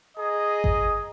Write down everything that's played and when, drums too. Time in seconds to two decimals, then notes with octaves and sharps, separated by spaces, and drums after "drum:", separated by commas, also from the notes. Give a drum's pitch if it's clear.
0.18 G#4 D#5 A#5 D#6
0.64 drum: kick G#1